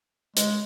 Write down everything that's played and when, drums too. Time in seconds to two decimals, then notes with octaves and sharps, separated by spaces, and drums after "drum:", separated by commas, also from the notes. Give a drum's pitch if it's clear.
0.36 G#3, drum: hi-hat